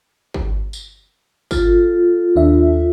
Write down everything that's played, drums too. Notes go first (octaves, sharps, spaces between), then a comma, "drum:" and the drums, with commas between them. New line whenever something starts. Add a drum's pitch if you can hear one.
drum: kick
drum: tambourine
F4 A4, drum: kick, tambourine
D#2 D4 E5